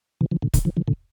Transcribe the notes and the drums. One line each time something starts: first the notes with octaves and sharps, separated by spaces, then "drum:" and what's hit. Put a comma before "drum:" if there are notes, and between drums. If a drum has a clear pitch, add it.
C3 E3
D3 F3
A#2 D3
A#2 D3, drum: kick, hi-hat
D3 F3
D3 F3
A#2 D3